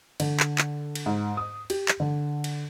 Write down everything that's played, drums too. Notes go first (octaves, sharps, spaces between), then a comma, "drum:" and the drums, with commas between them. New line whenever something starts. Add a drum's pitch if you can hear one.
D3, drum: cymbal
drum: clap
drum: clap
drum: cymbal
G#2
D#6
G4, drum: cymbal
drum: clap
D3
drum: cymbal